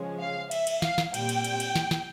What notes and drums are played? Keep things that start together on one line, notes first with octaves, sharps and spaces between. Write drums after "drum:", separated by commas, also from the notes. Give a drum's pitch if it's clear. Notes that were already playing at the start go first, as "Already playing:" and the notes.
Already playing: C#3 F3 G#3 C#4
F5
E5, drum: cymbal
drum: cymbal
F5, drum: snare
drum: snare
A#2 G3 C4 G5, drum: cymbal
drum: cymbal
drum: cymbal
drum: cymbal
drum: snare
drum: snare